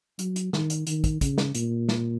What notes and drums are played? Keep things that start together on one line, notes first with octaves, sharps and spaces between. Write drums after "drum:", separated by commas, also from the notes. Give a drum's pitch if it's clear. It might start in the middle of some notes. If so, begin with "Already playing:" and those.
F#3, drum: hi-hat
drum: hi-hat
D#3, drum: snare
drum: hi-hat
D#3, drum: hi-hat
drum: kick, hi-hat
C#3, drum: kick, hi-hat
drum: snare
A#2, drum: hi-hat
drum: snare